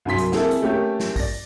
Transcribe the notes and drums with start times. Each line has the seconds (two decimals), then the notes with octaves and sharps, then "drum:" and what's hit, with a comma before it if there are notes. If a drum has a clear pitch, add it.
0.05 C2 F#2 F#3 C6 B6
0.18 drum: hi-hat
0.32 A#3 C4 E4 G#4 A4, drum: snare
0.51 drum: hi-hat
0.62 A3 A#3 C#4 G4
1.00 drum: snare
1.16 D5 A#6, drum: kick, open hi-hat